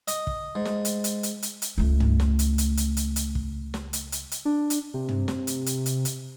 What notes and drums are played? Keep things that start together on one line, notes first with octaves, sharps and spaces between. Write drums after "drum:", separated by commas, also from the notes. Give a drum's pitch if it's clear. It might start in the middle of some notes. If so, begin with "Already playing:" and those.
D#5, drum: hi-hat
drum: kick
G#2
drum: snare
drum: hi-hat
drum: hi-hat
drum: hi-hat
drum: hi-hat
drum: hi-hat
C#2 A3
drum: tom
drum: snare
drum: hi-hat
drum: hi-hat
drum: hi-hat
drum: hi-hat
drum: hi-hat
drum: kick
drum: snare
drum: hi-hat
drum: hi-hat
drum: hi-hat
D4
drum: hi-hat
C3
drum: tom
drum: snare
drum: hi-hat
drum: hi-hat
drum: hi-hat
drum: hi-hat